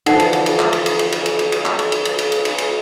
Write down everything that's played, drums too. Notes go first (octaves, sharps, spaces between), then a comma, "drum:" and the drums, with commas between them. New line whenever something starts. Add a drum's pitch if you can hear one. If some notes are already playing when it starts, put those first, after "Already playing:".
D3 E3 F3 D#4 F#5, drum: cymbal
drum: cymbal
drum: cymbal
drum: cymbal
drum: clap
drum: cymbal
drum: cymbal
drum: cymbal
drum: cymbal
drum: cymbal
drum: cymbal
drum: cymbal
drum: clap
drum: cymbal
drum: cymbal
drum: cymbal
drum: cymbal
drum: cymbal
drum: cymbal
drum: cymbal